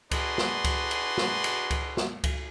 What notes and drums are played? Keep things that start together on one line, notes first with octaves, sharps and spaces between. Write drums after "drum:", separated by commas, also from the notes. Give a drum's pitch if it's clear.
D4 F#4 G#4 B4 C6, drum: kick C#2, cymbal
drum: snare
drum: kick C#2, cymbal
drum: cymbal
drum: snare
drum: cymbal
drum: kick C#2, cymbal
drum: snare
drum: kick C#2, cymbal